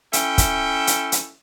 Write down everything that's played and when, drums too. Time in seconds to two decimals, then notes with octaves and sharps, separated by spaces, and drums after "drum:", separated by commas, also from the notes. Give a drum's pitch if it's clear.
0.13 C#4 E4 A4 E5 G5, drum: hi-hat
0.38 drum: kick, hi-hat
0.87 drum: hi-hat
1.12 drum: hi-hat